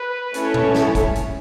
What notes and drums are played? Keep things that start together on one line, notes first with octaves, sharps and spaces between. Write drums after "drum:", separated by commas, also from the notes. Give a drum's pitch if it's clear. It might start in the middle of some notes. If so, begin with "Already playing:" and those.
Already playing: B4
A3 C#4 E4 A4 C#5, drum: hi-hat
drum: tom A#2
drum: snare
drum: kick, hi-hat
drum: hi-hat